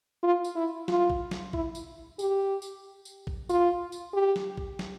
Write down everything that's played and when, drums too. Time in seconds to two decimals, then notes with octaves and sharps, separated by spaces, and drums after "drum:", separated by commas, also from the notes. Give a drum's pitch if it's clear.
0.23 F4
0.44 drum: tambourine
0.56 E4
0.88 F4, drum: snare
1.10 drum: kick A#1
1.31 drum: snare
1.53 E4, drum: kick A#1
1.75 drum: tambourine
2.19 G4, drum: tambourine
2.62 drum: tambourine
3.05 drum: tambourine
3.27 drum: kick A#1
3.49 F4, drum: tambourine
3.92 drum: tambourine
4.14 G4
4.36 drum: snare
4.57 drum: kick A#1
4.79 drum: snare